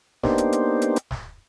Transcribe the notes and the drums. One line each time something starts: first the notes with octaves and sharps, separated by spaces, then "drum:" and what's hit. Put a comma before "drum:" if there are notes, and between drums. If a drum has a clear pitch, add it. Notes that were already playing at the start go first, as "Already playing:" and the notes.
A#3 B3 D4 D#4 G4 C5, drum: snare
drum: hi-hat
drum: hi-hat
drum: hi-hat
drum: hi-hat
drum: snare